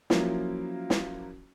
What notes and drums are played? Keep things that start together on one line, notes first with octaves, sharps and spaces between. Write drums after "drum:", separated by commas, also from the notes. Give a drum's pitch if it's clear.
F3 F#3 A#3 C#4 E4 F4, drum: snare
drum: snare